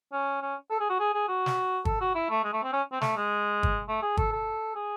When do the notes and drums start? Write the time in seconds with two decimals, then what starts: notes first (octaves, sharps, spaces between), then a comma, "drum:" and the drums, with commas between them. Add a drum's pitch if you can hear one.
0.12 C#4
0.42 C#4
0.71 A4
0.80 G#4
0.89 F#4
1.00 G#4
1.14 G#4
1.28 F#4
1.46 drum: snare
1.85 A4, drum: kick
2.01 F#4
2.15 E4
2.30 A3
2.44 G#3
2.53 A3
2.63 C4
2.73 C#4
2.92 C4
3.01 A3, drum: snare
3.17 G#3
3.63 drum: kick
3.89 A3
4.02 G#4
4.17 A4, drum: kick
4.32 A4
4.75 G#4